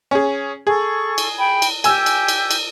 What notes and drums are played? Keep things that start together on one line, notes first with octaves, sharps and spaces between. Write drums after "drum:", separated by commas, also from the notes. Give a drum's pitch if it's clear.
C#4 G#4
G#4 A4 C#6
drum: cymbal
G5 B5
drum: cymbal
G4 G#5 E6, drum: cymbal
drum: cymbal
drum: cymbal
drum: cymbal